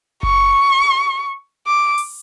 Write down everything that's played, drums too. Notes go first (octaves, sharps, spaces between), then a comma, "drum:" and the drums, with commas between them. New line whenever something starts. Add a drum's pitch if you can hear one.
C#6, drum: kick F#1
D6
drum: open hi-hat